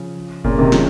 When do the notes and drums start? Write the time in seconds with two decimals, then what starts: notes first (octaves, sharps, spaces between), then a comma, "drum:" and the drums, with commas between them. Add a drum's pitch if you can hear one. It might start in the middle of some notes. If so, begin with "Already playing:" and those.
Already playing: C#3 F3
0.44 A#2 C#3, drum: kick F1
0.58 C3 D#3
0.72 C#3 F3, drum: snare